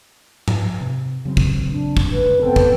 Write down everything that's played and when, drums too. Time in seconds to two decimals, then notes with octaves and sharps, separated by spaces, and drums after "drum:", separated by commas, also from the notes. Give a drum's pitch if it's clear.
0.48 drum: tom G#2
0.81 C3
1.25 C#3 F#3 C4
1.37 drum: kick
1.72 D4
1.97 drum: kick
2.11 F#1 D2 B4
2.42 B3 C4 A4 G5
2.56 drum: kick